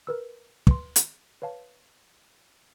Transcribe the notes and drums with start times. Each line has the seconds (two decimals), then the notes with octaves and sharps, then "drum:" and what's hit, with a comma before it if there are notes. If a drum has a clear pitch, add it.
0.07 A#4 B4 E6
0.67 B4 C6, drum: kick
0.96 drum: hi-hat
1.42 B4 C#5 F5 A5